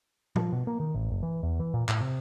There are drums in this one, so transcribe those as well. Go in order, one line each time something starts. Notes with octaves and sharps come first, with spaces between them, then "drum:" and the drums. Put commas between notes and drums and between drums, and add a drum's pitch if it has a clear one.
F3, drum: tom
B2
A#3
D#3
A1
F#1
E3
E2
E3
A#2
A2, drum: clap
C3